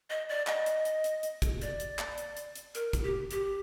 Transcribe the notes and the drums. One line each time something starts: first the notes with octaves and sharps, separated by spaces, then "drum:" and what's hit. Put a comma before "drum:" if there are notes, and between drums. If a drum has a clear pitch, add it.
D#5
D5
D#5, drum: clap
drum: hi-hat
drum: hi-hat
drum: hi-hat
drum: hi-hat
drum: kick, hi-hat
D5, drum: hi-hat
drum: hi-hat
drum: clap
drum: hi-hat
drum: hi-hat
drum: hi-hat
A#4, drum: hi-hat
drum: kick, hi-hat
G4
G4, drum: hi-hat